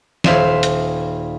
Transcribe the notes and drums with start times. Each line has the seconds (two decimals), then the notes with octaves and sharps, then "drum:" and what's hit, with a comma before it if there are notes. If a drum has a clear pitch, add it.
0.24 D#1 C5 E5 F5 C6 E7, drum: snare
0.63 drum: hi-hat